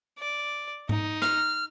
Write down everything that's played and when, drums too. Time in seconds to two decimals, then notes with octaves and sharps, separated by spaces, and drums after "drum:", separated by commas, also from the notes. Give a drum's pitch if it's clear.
0.19 D5
0.89 D#4, drum: tom G#2
1.22 F6, drum: rim click